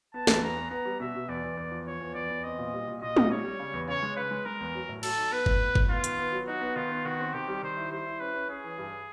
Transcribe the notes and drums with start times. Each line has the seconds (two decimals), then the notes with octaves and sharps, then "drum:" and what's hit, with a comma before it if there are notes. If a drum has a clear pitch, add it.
0.14 B3 A5
0.27 E2, drum: snare
0.42 E2 A#5
0.57 B3
0.71 B3 A#5
0.85 G3
1.00 B2 E5
1.15 B2
1.29 E2 D5
1.44 E2
1.57 E2
1.72 F3
1.86 F3 C#5
2.01 E2
2.15 E2 D5
2.30 E2
2.44 C4 D#5
2.59 A#2
2.73 G3
2.87 A#2
3.01 A#2 D#5
3.17 G3, drum: tom
3.30 G3 C#5
3.44 G3
3.59 C#3
3.73 E2
3.88 C#3 C#5
4.02 G#3
4.16 C#3 B4
4.31 G#3
4.45 G#3 A#4
4.61 E2
4.75 F#3
4.89 A2
5.03 F#3 A4, drum: cymbal
5.17 D#4
5.32 B3 B4
5.46 A2, drum: kick G1
5.62 B3
5.75 A2, drum: kick G1
5.90 B3 F4
6.04 D#3, drum: hi-hat
6.19 B3
6.32 F#3
6.48 D#4 F#4
6.61 B3
6.76 D#3 F4
6.91 B3
7.05 D#3 F#4
7.19 C4
7.33 D#3 G4
7.48 G3
7.63 D#3 C5
7.77 E4
7.92 G3 C5
8.07 E4
8.20 C#4 B4
8.34 C#4
8.49 C#4 G#4
8.64 E3
8.78 G2